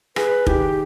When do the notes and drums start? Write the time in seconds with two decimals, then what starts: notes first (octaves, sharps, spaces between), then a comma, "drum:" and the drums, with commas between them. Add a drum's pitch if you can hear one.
0.16 G#4 B4, drum: rim click
0.47 D#3 G4, drum: kick